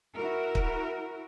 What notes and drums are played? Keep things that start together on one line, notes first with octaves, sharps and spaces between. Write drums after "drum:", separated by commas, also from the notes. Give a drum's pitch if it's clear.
E4 F#4 A#4
drum: kick